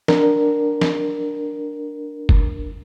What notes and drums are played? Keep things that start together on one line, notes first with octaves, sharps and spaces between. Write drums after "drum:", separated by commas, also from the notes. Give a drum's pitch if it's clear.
D4 A#4, drum: snare
drum: snare
drum: kick